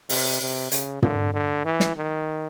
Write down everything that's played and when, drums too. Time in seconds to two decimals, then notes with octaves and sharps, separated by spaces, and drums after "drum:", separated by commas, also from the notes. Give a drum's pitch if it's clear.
0.09 C3, drum: open hi-hat
0.41 C3
0.72 C#3, drum: hi-hat
1.02 D3, drum: tom
1.34 D3
1.65 E3
1.80 drum: snare
1.96 D#3